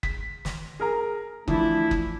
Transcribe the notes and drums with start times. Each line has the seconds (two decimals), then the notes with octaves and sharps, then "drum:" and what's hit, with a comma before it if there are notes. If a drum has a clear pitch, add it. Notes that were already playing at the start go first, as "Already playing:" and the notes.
0.03 B6, drum: kick F#1
0.45 drum: snare
0.80 G#4 A#4 A#5
1.48 E3 F3 A3 D4 E4, drum: kick F#1
1.91 drum: kick F#1